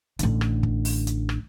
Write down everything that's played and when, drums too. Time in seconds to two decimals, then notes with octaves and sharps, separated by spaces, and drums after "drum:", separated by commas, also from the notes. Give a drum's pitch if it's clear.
0.19 A1 D3, drum: hi-hat
0.41 drum: rim click
0.63 drum: kick
0.85 drum: open hi-hat
1.07 drum: hi-hat
1.29 drum: rim click